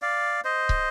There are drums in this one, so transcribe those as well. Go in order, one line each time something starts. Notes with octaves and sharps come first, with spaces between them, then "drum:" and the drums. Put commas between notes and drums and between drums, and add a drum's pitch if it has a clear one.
D5 F5
C5 D#5
drum: kick